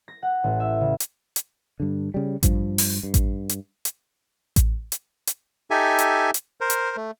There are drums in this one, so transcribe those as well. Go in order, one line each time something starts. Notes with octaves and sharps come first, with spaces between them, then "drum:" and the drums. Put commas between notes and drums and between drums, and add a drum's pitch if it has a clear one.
A#6
F#5
A1
E5
C#3
drum: hi-hat
drum: hi-hat
G2 D3
C#3 G3
G2 F3, drum: kick A1, hi-hat
drum: open hi-hat
G2
drum: kick A1, hi-hat
drum: hi-hat
drum: hi-hat
drum: kick A1, hi-hat
drum: hi-hat
drum: hi-hat
D#4 G4 A4 E5 G#5
drum: hi-hat
drum: hi-hat
A#4 C5
drum: hi-hat
A3